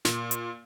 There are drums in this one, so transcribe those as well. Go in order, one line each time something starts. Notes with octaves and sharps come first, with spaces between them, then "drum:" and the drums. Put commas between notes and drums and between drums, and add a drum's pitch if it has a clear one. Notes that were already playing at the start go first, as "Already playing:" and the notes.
A#2, drum: snare
drum: hi-hat